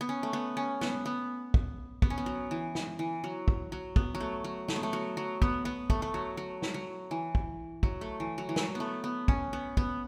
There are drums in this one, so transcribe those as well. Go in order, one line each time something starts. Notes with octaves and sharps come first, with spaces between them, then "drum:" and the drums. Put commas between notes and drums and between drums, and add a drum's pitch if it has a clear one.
B3
C#4
A3
B3
C#4
B3, drum: snare
B3
drum: kick
B3, drum: kick
C#4
B3
F#3
E3
drum: snare
E3
F#3
drum: kick
F#3
B3, drum: kick
F#3
A3
F#3
A3, drum: snare
B3
A3
F#3
F#3
B3, drum: kick
B3
A3, drum: kick
A3
F#3
F#3
drum: snare
F#3
E3
drum: kick
F#3, drum: kick
A3
E3
F#3
E3
F#3, drum: snare
B3
A3
B3
C#4, drum: kick
B3
B3, drum: kick